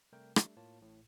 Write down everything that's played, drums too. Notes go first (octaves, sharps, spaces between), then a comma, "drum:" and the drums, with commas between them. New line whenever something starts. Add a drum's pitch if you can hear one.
C3 G3 A3 A#4 G5 G6
G3 A3 D4, drum: rim click
A2 A#3 F4 C#5 A5
A1 A2